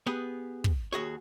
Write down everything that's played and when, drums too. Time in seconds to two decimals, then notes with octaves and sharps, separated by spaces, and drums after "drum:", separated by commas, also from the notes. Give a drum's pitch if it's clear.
0.06 B3 G4 G#4 B4
0.64 drum: kick
0.93 D#2 F#4 G#4 C#5